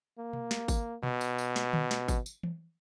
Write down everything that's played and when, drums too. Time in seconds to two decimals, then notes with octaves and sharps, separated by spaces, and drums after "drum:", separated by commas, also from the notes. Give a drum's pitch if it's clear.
0.18 A#3
0.33 drum: tom B2
0.51 drum: snare
0.68 drum: kick G#1, tambourine
1.03 B2, drum: tom B2
1.21 drum: tambourine
1.38 drum: tambourine
1.56 drum: snare
1.73 drum: tom D3
1.91 drum: snare
2.08 drum: kick G#1, tambourine
2.26 drum: tambourine
2.43 drum: tom